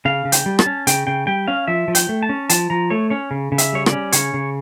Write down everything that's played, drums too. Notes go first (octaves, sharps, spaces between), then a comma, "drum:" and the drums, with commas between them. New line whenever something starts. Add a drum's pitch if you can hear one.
C#3 F5
C#3
G5, drum: hi-hat
G3
A5, drum: rim click
C#4
C#3 G5, drum: hi-hat
C#3 G5
G3 G5
C#4 F5
F3 E5
F3
G5, drum: hi-hat
A3
A5
C#4
F3 A5, drum: hi-hat
F3 A#5
A3 C#5
C#4 C#5
C#3
C#3
E5, drum: hi-hat
G3 C#5
D5, drum: rim click
C#4
C#3 C#5, drum: hi-hat
C#3